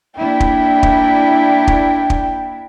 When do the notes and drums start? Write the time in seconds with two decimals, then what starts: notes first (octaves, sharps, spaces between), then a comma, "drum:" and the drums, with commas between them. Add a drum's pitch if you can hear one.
0.19 A#3 D4 E4 G5
0.40 drum: kick
0.83 drum: kick
1.68 drum: kick
2.10 drum: kick